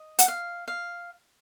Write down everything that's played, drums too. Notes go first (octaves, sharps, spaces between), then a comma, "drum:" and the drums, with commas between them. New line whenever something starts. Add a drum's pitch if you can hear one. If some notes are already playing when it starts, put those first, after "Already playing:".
Already playing: D#5
F#5, drum: hi-hat
F5
F5